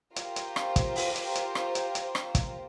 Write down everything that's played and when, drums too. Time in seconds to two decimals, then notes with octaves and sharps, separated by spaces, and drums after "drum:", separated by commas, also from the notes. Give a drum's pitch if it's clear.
0.16 F4 G4 A#4 C5, drum: hi-hat
0.36 drum: hi-hat
0.56 drum: rim click
0.76 drum: kick, hi-hat
0.96 drum: open hi-hat
1.16 drum: hi-hat
1.35 drum: hi-hat
1.55 drum: rim click
1.75 drum: hi-hat
1.95 drum: hi-hat
2.15 drum: rim click
2.35 drum: kick, hi-hat